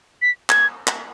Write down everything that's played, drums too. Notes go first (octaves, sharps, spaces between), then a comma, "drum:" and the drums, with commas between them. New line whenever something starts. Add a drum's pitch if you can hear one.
B6
G#6, drum: clap
drum: clap